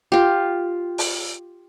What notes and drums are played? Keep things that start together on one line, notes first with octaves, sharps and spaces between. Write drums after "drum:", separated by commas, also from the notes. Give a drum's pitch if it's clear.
F4 G4
drum: open hi-hat